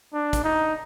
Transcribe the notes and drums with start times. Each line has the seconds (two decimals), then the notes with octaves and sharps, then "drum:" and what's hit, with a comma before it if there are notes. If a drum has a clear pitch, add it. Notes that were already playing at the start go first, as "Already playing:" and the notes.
0.13 D4
0.33 drum: kick, hi-hat
0.44 D#4